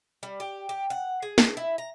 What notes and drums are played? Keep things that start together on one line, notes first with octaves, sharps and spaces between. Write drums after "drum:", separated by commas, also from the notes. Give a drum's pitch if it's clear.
G3
G4
G4
F#5
G#4
drum: snare
E4
A#5